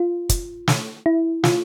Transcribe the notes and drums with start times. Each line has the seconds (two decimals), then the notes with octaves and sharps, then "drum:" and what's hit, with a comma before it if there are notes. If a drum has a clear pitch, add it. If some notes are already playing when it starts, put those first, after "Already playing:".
Already playing: F4
0.29 drum: kick, hi-hat
0.68 drum: snare
1.06 E4
1.44 F4, drum: snare